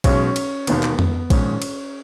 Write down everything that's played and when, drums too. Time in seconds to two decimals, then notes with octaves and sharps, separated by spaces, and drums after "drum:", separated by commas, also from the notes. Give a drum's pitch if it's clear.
0.04 B1 B2 G#3 C#4, drum: kick A#1, cymbal
0.36 drum: cymbal
0.67 E1 D#2 D#3 B3, drum: cymbal
0.83 drum: clap
0.99 drum: tom F2
1.30 A#1 G#2 D#3 C#4, drum: kick A#1, cymbal
1.62 drum: cymbal